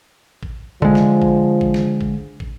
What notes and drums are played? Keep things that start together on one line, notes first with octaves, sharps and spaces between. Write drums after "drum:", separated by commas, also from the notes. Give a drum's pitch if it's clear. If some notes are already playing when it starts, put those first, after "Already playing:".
drum: kick
D3 F3 G#3, drum: kick
drum: snare
drum: kick
drum: kick
drum: snare
drum: kick
drum: kick